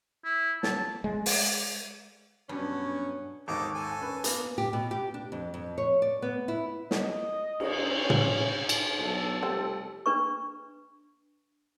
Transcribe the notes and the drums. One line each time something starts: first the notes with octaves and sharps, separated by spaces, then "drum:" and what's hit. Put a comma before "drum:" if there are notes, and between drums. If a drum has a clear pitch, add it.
E4
A5, drum: snare
G#3
drum: open hi-hat
G2 B2 F#3 C#4
G#1 D#2 G#2 A4 D#5 D6
A4 G#5
C#4 D4 B4
A#3 B3, drum: hi-hat
G4
B2
G4
D4
F2
F2
C#5
D5
B3
E4
D#5, drum: snare
drum: cymbal
C#4
drum: tom
drum: cymbal
B1 A4
F1 G3 C4
D4 B4 C#6